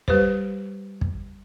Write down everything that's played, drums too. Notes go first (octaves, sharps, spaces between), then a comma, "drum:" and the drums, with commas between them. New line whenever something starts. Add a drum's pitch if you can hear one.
G3 G4 B4 C5, drum: kick
drum: kick